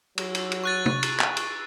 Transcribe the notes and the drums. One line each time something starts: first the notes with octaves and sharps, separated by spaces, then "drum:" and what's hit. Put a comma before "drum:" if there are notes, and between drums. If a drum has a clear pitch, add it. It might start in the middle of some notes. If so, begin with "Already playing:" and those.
F#3, drum: cymbal
drum: cymbal
drum: cymbal
C#6 F#6 A6
drum: tom
drum: cymbal
drum: clap
drum: cymbal